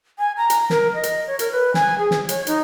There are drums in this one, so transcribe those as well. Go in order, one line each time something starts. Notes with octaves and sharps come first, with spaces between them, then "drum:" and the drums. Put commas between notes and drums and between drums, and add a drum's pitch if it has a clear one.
G#5
A#5
drum: hi-hat
A#4, drum: snare
D#5
drum: hi-hat
C#5
A#4, drum: hi-hat
B4
G#5, drum: snare
G#4
drum: snare
C#5, drum: hi-hat
D#4, drum: hi-hat